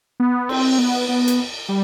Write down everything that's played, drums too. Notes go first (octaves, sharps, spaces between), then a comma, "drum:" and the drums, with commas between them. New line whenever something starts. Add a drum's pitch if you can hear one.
B3
C4, drum: cymbal
B3
B3
drum: hi-hat
G3